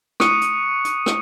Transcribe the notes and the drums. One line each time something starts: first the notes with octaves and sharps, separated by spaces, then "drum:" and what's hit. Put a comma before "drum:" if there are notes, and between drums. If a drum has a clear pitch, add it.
C#6 D#6 F#6 C#7 D#7, drum: rim click
drum: hi-hat
drum: hi-hat
drum: rim click